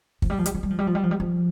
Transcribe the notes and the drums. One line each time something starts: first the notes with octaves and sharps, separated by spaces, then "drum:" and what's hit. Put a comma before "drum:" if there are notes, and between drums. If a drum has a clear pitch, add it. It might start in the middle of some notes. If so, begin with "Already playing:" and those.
F3, drum: kick
G3
F3
G3, drum: hi-hat
F3
G3
F3
G3
F3
G3
F3
G3
F3